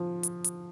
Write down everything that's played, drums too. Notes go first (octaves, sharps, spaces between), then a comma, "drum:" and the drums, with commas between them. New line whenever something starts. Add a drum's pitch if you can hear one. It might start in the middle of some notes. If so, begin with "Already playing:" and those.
Already playing: F3
drum: hi-hat
drum: hi-hat